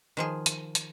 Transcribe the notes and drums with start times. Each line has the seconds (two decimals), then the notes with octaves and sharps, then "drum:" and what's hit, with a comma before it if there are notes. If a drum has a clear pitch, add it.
0.17 D#3 F3 G#4
0.46 drum: hi-hat
0.75 drum: hi-hat